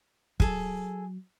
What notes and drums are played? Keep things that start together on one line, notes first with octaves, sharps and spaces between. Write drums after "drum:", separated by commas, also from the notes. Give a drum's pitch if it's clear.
F#3 G#4 A4, drum: kick